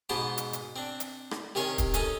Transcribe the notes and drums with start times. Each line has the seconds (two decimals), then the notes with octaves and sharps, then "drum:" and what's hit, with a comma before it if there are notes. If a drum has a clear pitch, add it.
0.09 G#2 B2 B3 C5 A5 D6
0.38 drum: hi-hat
0.53 drum: hi-hat
0.76 C4 D4
1.00 drum: hi-hat
1.31 drum: rim click
1.55 C3 D#3 C#4 C#5 C6 C#6
1.78 drum: kick, hi-hat
1.94 C#4 D#4 A4, drum: hi-hat